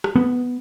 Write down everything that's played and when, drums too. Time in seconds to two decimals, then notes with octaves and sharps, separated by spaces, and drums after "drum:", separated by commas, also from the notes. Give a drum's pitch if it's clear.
0.04 drum: rim click
0.15 B3